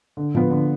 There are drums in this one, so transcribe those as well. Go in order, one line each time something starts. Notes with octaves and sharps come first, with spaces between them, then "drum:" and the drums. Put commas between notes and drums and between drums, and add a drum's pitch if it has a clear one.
D3
F3 B3, drum: tom A2
D3